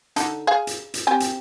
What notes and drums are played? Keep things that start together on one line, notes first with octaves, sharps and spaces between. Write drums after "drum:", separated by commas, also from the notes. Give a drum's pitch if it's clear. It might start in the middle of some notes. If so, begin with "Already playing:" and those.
D3 D#4 A4, drum: hi-hat
G#4 F5
drum: hi-hat
drum: hi-hat
C4 G4 G#5
drum: hi-hat